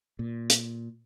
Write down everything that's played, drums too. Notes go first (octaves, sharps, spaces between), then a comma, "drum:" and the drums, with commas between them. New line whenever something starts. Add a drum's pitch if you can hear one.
A#2
drum: hi-hat